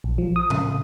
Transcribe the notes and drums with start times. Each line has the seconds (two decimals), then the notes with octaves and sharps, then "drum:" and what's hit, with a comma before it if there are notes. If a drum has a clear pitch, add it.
0.04 A#1
0.18 F3
0.36 D#6
0.50 C#3, drum: tom A2